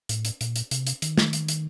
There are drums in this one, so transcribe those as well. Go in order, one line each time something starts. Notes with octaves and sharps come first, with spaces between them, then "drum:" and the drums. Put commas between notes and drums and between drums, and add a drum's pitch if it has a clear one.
A2, drum: hi-hat
drum: hi-hat
A#2, drum: hi-hat
drum: hi-hat
C3, drum: hi-hat
drum: hi-hat
D#3, drum: hi-hat
drum: snare
drum: hi-hat
drum: hi-hat